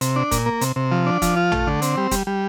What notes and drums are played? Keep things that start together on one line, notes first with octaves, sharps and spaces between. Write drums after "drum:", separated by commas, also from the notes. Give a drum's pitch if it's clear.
C3, drum: hi-hat
D4
A#2, drum: kick F1, hi-hat
A#3
C3, drum: hi-hat
C3
F3
D4
F3, drum: kick F1, hi-hat
F4
A3, drum: tom A1
D3
C4, drum: hi-hat
G3
G3, drum: kick F1, hi-hat
G3